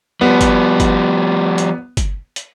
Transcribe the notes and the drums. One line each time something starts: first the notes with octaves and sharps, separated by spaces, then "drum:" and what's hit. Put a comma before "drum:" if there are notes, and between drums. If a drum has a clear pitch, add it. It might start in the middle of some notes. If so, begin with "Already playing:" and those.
F3 G3 B3
drum: kick G1, hi-hat
drum: kick G1, hi-hat
drum: hi-hat
drum: kick G1, hi-hat
drum: hi-hat